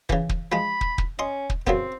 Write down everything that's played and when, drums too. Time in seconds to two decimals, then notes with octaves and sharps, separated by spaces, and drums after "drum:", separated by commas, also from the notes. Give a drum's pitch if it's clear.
0.09 C#3 E3, drum: kick
0.29 drum: kick
0.52 F3 G#3 B5
0.81 drum: kick
0.98 drum: kick
1.19 C#4 D#5 C6
1.50 drum: kick
1.67 F#2 C#3 B3 C4, drum: kick